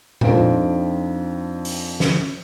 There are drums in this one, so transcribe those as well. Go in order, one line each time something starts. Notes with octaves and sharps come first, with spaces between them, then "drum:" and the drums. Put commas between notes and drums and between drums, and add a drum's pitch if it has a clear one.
F2 C4 D4 D#4 F4 D7, drum: tom A#2
drum: open hi-hat
drum: snare